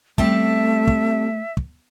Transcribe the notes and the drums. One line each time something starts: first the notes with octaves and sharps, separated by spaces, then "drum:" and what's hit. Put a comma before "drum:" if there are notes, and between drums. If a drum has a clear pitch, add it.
G3 A3 C4 E5 A5, drum: kick
drum: kick
drum: kick